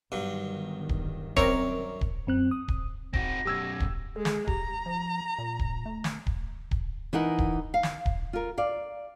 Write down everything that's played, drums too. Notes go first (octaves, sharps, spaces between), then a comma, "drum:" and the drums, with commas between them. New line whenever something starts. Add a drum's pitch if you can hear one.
G1 G2 D#3 F#3
drum: kick D1
F#2 C4 A#4 C#5 D5, drum: kick D1
drum: kick D1
F#2 C4 F#6
D#6
drum: kick D1
C4 F#4 A#6, drum: kick D1
F#2 B2 G4 E6 G#6
drum: kick D1
G#3 A4
drum: snare
G4 A#5, drum: kick D1
F3
A#2
drum: kick D1
A3
drum: snare
drum: kick D1
drum: kick D1
E3 D#4 A#4 F#5
drum: kick D1
F5
drum: snare
drum: kick D1
F4 A#4
D5 F5